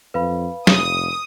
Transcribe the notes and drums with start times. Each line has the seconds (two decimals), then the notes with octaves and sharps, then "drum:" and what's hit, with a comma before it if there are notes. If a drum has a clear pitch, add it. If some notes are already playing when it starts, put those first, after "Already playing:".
0.14 F2 B4 F5 B5
0.67 F1 D#6, drum: snare